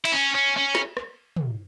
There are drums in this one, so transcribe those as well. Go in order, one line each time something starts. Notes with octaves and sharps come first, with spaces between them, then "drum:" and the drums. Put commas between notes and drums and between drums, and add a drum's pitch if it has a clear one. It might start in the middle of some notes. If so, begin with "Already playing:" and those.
E4, drum: cymbal
C#4
C#4
C#4
drum: snare
drum: rim click
drum: tom